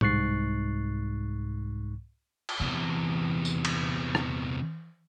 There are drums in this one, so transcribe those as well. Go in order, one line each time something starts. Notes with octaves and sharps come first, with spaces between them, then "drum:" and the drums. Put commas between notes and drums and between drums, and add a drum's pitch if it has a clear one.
C2 G#2 C#6 F#6 A6 C7, drum: tom A2
drum: cymbal
E2 C3 E3
drum: tambourine
drum: cymbal
drum: rim click